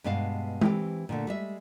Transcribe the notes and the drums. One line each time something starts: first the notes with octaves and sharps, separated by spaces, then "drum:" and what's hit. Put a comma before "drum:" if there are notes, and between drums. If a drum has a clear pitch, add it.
G2 B2 G#3 F5 A5
E3 C4 G4, drum: tom G#3
A#2 D3 A3
G3 G#3 E5